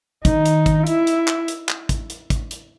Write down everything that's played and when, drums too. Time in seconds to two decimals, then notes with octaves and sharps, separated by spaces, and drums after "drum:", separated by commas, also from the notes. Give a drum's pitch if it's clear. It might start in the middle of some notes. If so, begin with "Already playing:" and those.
0.25 D#3 D#4, drum: kick, hi-hat
0.46 drum: hi-hat
0.66 drum: kick, hi-hat
0.87 E4, drum: hi-hat
1.07 drum: hi-hat
1.28 drum: clap
1.48 drum: hi-hat
1.69 drum: clap
1.89 drum: kick, hi-hat
2.10 drum: hi-hat
2.30 drum: kick, hi-hat
2.51 drum: hi-hat